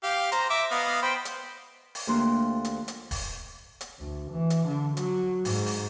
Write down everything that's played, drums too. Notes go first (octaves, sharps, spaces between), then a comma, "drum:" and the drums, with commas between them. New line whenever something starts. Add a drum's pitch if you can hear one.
G4 F5
C5 A#5, drum: hi-hat
E5 A#5 D6
B3 D#5 F5
C5 G5 B5
drum: hi-hat
drum: open hi-hat
D2 F3 A#3 G4 C6 F#6
drum: hi-hat
drum: hi-hat
drum: kick D#1, open hi-hat
drum: hi-hat
D2
E3
drum: hi-hat
D3
F#3, drum: hi-hat
G#2, drum: open hi-hat
drum: open hi-hat